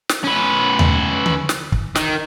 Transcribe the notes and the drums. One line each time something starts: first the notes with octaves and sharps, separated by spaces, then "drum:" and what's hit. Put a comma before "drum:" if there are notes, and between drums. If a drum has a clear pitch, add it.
drum: snare
C#4 B4
drum: tom D#2
drum: tom D3
drum: snare
drum: kick
D#3, drum: snare